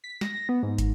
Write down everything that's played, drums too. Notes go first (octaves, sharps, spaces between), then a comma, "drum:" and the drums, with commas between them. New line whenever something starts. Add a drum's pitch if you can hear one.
B6
A#6, drum: snare
B3
G#2
drum: kick, hi-hat